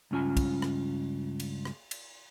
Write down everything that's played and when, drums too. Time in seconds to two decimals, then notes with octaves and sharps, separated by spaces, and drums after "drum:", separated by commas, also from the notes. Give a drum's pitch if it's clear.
0.11 C#2 G2 C#4 F4 G#5
0.37 drum: kick, cymbal
0.62 drum: rim click
1.40 drum: cymbal
1.65 drum: rim click
1.91 drum: cymbal